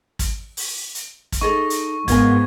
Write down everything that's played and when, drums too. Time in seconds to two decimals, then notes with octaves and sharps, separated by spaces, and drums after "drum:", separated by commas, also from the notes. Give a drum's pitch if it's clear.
0.19 drum: kick G#1, hi-hat
0.57 drum: open hi-hat
0.95 drum: hi-hat
1.32 drum: kick G#1, hi-hat
1.41 D#4 G#4 A4 C#6
1.70 drum: hi-hat
2.08 G#2 B3 F4 A#4 G#5 G#6, drum: kick G#1, hi-hat